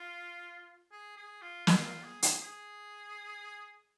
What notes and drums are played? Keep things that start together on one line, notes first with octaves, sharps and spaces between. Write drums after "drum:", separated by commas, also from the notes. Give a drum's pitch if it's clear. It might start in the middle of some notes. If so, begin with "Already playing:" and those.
Already playing: F4
G#4
G#4
F4
F4, drum: snare
F4
G#4
G#4, drum: hi-hat
G#4